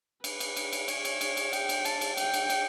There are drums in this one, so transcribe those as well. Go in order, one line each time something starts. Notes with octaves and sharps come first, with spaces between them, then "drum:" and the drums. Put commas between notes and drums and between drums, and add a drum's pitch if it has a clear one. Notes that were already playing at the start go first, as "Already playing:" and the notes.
B4, drum: cymbal
drum: cymbal
drum: cymbal
drum: cymbal
C#5, drum: cymbal
drum: cymbal
drum: cymbal
drum: cymbal
G5, drum: cymbal
drum: cymbal
A5, drum: cymbal
drum: cymbal
G5, drum: cymbal
drum: cymbal
drum: cymbal